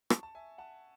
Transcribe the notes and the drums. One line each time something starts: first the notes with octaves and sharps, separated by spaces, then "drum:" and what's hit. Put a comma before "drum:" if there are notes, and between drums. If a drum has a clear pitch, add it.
A5 C#6, drum: rim click
A5
E5 G#5
F#5 A5